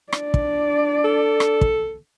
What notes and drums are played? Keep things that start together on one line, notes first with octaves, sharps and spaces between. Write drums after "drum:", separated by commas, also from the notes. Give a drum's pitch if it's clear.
D4 D5, drum: rim click
drum: kick
A4
drum: rim click
drum: kick